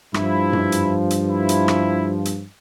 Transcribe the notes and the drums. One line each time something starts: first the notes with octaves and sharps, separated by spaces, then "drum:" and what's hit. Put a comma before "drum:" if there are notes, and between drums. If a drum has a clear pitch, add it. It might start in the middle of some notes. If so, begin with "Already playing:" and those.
G2 F3 E4, drum: rim click
drum: tom F#2
drum: hi-hat
drum: hi-hat
E4
drum: hi-hat
drum: rim click
drum: hi-hat